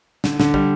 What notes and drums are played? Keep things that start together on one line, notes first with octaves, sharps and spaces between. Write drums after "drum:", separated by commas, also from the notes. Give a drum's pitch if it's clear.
D3, drum: snare
D3, drum: snare
G3, drum: kick